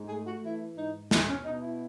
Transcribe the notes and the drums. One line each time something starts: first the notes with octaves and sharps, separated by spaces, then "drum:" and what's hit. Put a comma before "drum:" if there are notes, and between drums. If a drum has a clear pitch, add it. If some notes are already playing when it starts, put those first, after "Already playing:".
Already playing: G#2
A3 G#4
F#4
E3 E4
G#2 D#4
B2 A3, drum: snare
C#4
B2 D#4
E4